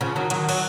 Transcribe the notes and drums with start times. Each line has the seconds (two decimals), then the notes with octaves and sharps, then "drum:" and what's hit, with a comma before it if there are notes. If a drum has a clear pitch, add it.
0.01 C#3 F3
0.16 D#3 F#3
0.30 D#3 F#3, drum: hi-hat
0.49 F#3, drum: cymbal